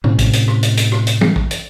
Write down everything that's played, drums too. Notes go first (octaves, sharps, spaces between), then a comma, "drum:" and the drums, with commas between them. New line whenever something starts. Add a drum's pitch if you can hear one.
A2 C3 C#4, drum: tom
drum: kick, hi-hat
drum: hi-hat
drum: rim click
drum: hi-hat
drum: hi-hat
drum: rim click
drum: hi-hat
drum: tom
drum: kick
drum: hi-hat